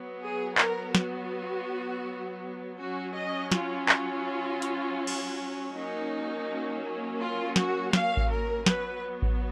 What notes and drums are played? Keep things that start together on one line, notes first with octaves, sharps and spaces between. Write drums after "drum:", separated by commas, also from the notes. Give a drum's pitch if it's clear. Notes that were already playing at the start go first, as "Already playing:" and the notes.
Already playing: F#3 B3
G#4
A#4, drum: clap
F#4, drum: snare
F#3 C#4 F#4
D#5
F4, drum: snare
F4, drum: clap
drum: hi-hat
drum: cymbal
F#3 A#3 C#4 D#4
F4
F#4, drum: snare
F5, drum: snare
drum: kick A1
A#4
F#3 B3 B4, drum: snare
drum: kick A1